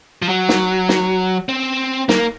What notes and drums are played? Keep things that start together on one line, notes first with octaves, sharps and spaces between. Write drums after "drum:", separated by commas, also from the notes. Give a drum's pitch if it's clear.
F3
F#3
drum: snare
drum: snare
C4
A#3, drum: snare